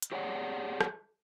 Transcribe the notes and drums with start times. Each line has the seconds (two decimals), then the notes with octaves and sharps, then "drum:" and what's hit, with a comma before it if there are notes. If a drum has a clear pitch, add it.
0.02 drum: hi-hat
0.12 G4 G#4 C#5 D5 F5 F#5
0.81 drum: rim click